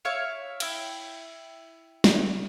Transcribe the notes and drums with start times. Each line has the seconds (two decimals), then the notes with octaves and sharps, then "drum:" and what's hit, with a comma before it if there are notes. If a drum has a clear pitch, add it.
0.05 E4 C#5 E5 F5
0.60 E4 G5, drum: cymbal
2.04 drum: snare